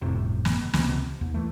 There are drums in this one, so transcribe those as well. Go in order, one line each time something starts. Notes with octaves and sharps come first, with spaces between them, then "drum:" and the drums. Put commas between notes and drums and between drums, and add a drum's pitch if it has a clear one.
G1 F2 A2 C3
drum: snare
C#2 C3, drum: snare
D#2
E3 A3